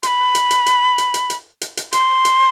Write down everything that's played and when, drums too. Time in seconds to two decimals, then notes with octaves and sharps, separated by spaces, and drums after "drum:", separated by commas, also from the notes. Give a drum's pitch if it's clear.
0.03 C6, drum: hi-hat
0.07 B5
0.35 drum: hi-hat
0.51 drum: hi-hat
0.66 drum: hi-hat
0.98 drum: hi-hat
1.14 drum: hi-hat
1.30 drum: hi-hat
1.61 drum: hi-hat
1.77 drum: hi-hat
1.93 C6, drum: hi-hat
2.25 drum: hi-hat